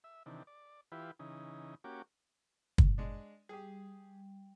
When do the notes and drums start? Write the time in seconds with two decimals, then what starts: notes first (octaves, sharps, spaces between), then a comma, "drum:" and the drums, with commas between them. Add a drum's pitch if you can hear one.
0.04 E5
0.26 C3 D#3 E3 D4
0.47 D5
0.92 E3 E4 F4 G4 B4
1.19 C#3 E3 D#4
1.84 A#3 C#4 F#4 G4 D6
2.78 drum: kick
2.98 G#3 D4
3.49 G3 G4 G#4